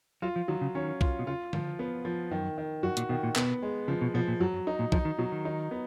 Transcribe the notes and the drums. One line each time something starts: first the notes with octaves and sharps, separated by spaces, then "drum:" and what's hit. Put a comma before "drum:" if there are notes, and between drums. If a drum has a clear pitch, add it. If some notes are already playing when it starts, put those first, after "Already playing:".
F#3 F4
F3
D#3 F#3
C#3
D#3 C#4
F4, drum: kick C2
B2
C#3 F4
G#2 F3, drum: tom D3
B3
F3
F#2 D#3
D#3
F#2 F#4
A#2, drum: hi-hat
B2 D#3
A#2
B2 B3, drum: clap
G#3
C#3 F3
B2
B2 F3
A#2
F#2 F#3
F#2
D#4
A#2
F3 D#4, drum: kick C2
D#3
B2 F#3
D#3
D#4
B3